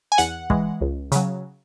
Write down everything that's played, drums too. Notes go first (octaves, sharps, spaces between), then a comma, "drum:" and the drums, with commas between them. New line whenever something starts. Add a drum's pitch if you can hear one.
G#5
E2 F#5, drum: hi-hat
E3 G#3, drum: kick
C#2
C#3 F#3, drum: hi-hat